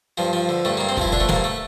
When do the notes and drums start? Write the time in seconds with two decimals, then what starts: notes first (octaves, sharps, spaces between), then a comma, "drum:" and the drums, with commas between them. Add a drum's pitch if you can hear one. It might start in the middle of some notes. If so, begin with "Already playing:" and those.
0.18 G2 F3
0.33 F3
0.49 D3
0.65 G2 A3
0.77 A#3
0.81 G2
0.89 C4
0.97 F3 E4, drum: kick
1.12 D3 D4, drum: kick
1.20 A3
1.29 G2 A#3, drum: snare
1.44 A3